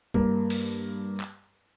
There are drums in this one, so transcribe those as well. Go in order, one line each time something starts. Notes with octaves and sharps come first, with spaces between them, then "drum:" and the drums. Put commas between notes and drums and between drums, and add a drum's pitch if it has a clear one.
G2 A#3, drum: kick
drum: open hi-hat
drum: clap